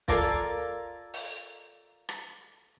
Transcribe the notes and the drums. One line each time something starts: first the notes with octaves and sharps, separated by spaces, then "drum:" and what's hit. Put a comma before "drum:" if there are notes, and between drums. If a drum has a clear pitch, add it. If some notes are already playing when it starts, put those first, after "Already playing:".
F4 A4 A#4 D5 F5 G#5, drum: kick
drum: open hi-hat
drum: rim click